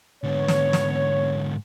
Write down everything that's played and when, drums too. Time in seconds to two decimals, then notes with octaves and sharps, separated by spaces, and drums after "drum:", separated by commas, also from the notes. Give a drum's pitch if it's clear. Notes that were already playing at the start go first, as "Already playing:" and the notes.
0.24 G#2 D3 B3 C#5
0.48 drum: snare
0.73 drum: snare